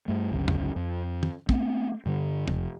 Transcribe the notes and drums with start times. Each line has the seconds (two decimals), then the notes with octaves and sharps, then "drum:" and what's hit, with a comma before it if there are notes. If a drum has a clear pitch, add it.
0.08 G2 A3
0.31 G1 C#2 F#3 C#4
0.48 drum: tom
0.76 F2
1.23 drum: tom
1.49 A3 B3 C4, drum: kick
2.06 G2 D3 G3
2.48 F1 F2, drum: tom